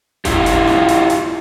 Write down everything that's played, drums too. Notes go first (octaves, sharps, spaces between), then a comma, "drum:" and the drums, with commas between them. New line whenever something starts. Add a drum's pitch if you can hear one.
E4 F4 G4, drum: kick F#1, hi-hat
drum: hi-hat
drum: snare
drum: hi-hat
drum: hi-hat